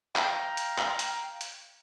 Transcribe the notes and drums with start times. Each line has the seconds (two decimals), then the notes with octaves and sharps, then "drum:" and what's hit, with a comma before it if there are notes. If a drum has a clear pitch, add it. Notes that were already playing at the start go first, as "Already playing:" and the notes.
0.16 F5 G5 A#5, drum: clap
0.57 drum: hi-hat
0.78 drum: clap
0.99 drum: hi-hat
1.41 drum: hi-hat